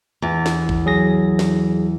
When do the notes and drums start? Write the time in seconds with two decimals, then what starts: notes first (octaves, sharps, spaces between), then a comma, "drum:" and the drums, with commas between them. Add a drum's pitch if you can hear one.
0.22 E2
0.46 drum: snare
0.69 drum: kick
0.86 F#3 G#4 A#6
1.39 drum: snare